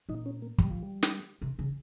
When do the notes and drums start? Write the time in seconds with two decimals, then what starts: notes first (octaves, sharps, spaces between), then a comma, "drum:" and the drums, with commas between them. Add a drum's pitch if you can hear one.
0.09 A#2 D#4
0.26 C#4
0.42 A#3
0.58 G3, drum: kick
0.71 F3
0.83 G3
1.03 drum: snare
1.42 C3
1.59 C#3